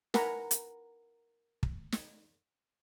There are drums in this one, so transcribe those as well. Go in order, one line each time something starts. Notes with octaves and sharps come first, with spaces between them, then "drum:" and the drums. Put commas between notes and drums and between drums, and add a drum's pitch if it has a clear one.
A#4 B4 F#5 G#5 A#5 B5, drum: snare
drum: hi-hat
drum: kick
drum: snare